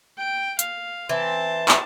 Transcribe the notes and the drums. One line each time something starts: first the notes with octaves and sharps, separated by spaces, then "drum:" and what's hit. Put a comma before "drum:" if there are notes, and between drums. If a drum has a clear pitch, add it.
G5
F5, drum: hi-hat
E3 C4 C5 A5
drum: clap